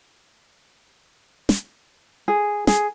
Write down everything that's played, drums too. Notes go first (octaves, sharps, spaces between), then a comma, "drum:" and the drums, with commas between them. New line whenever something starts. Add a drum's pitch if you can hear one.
drum: snare
G#4
G#4, drum: snare